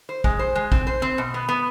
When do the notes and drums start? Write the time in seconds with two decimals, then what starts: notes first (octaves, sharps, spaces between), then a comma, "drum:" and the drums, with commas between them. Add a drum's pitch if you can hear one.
0.09 C5
0.24 G#3, drum: kick A1
0.39 C5
0.55 G#3
0.72 C4, drum: kick A1
0.87 C5
1.02 C4
1.18 B2
1.34 B3
1.49 B3